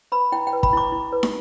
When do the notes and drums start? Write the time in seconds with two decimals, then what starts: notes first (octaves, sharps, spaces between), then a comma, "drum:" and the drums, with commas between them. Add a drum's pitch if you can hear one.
0.12 B4 B5
0.32 E4 G5
0.47 G5
0.53 B4
0.63 B5, drum: kick
0.73 E4 D6
0.92 E4
1.12 B4
1.23 drum: snare